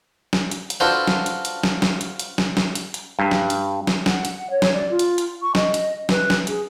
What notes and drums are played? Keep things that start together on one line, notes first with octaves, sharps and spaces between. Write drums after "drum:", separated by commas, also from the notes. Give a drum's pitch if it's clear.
drum: snare
drum: hi-hat
drum: hi-hat
D4 F4 F#4 A4 B4 C5
drum: snare
drum: hi-hat
drum: hi-hat
drum: snare
drum: snare
drum: hi-hat
drum: hi-hat
drum: snare
drum: snare
drum: hi-hat
drum: hi-hat
G2
drum: snare
drum: hi-hat
drum: snare
F#5, drum: snare
drum: hi-hat
C#5
drum: snare
D5
F4
drum: hi-hat
drum: hi-hat
C#6
D#5, drum: snare
drum: hi-hat
B4, drum: snare
drum: snare
G#4, drum: hi-hat